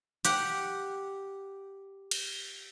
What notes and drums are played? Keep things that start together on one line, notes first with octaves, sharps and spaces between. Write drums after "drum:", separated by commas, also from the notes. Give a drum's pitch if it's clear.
G4 F#5, drum: hi-hat
drum: cymbal